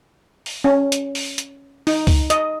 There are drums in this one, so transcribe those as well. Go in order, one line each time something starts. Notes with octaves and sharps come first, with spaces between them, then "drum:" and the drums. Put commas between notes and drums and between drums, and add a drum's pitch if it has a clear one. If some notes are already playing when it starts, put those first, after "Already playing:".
drum: open hi-hat
C#4
drum: hi-hat
drum: open hi-hat
drum: hi-hat
D#4, drum: open hi-hat
drum: kick, open hi-hat
D#5, drum: hi-hat